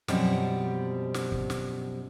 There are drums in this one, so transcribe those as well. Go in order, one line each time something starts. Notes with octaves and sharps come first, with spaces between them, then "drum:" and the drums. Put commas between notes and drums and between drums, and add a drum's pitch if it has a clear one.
F#2 B2 F3 G3 C4, drum: snare
drum: snare
drum: kick
drum: snare